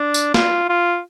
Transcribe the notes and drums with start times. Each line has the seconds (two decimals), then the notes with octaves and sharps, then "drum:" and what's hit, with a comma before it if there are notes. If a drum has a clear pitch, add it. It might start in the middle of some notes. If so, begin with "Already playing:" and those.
Already playing: D4
0.14 drum: tambourine
0.34 F4, drum: snare
0.69 F4